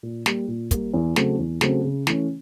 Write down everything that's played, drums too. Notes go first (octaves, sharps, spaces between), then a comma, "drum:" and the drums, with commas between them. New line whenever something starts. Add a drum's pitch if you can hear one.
A#2
G3 A#3, drum: snare
A#2
G3 A#3, drum: kick, hi-hat
E2
C#3 F#3 A3 C4, drum: snare
E2
C#3 F#3 A3 C4, drum: snare
C#3
E3 A3 C#4, drum: snare